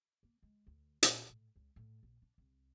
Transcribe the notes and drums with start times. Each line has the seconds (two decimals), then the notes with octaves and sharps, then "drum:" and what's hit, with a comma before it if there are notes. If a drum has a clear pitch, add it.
0.23 A#3
0.43 G#3
0.67 D2
1.03 A#2, drum: hi-hat
1.30 A2
1.56 C#2
1.76 A2
2.03 A#1
2.22 D4
2.38 C2